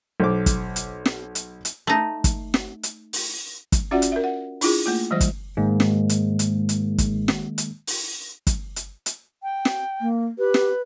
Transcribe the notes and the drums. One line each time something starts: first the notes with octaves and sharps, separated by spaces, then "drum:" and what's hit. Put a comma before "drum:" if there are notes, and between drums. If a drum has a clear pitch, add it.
B1 C5 D6
drum: kick, hi-hat
drum: hi-hat
drum: snare
drum: hi-hat
drum: hi-hat
A3 D#4
drum: kick, hi-hat
drum: snare
drum: hi-hat
drum: open hi-hat
drum: kick, hi-hat
C#4 F4 F#4 D5 E5 F#5
drum: hi-hat
A#4 E5
F#5
D4 E4 F4 G#4, drum: open hi-hat
A3 A#3 F4
E3 G3 G#3 C5
drum: kick, hi-hat
G#2 D#3 G#3 A#3
drum: snare
drum: hi-hat
drum: hi-hat
drum: hi-hat
drum: kick, hi-hat
drum: snare
drum: hi-hat
drum: open hi-hat
drum: kick, hi-hat
drum: hi-hat
drum: hi-hat
G5
drum: snare
A#3
G4 B4
drum: snare